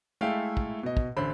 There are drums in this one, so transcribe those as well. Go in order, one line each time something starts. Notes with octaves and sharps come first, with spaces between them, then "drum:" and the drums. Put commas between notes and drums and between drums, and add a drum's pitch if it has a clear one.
G#3 A3 E4 A4 F5 G5
drum: kick
B2 D#5
drum: kick
A1 D3 C5 B5